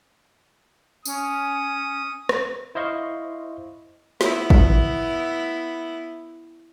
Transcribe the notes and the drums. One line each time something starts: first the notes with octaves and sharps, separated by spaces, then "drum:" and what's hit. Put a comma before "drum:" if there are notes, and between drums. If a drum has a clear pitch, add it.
C#4 D#6, drum: tambourine
drum: rim click
E4 C5 D#5 F5 C6 C#6
B3 E4, drum: snare
drum: kick
drum: tom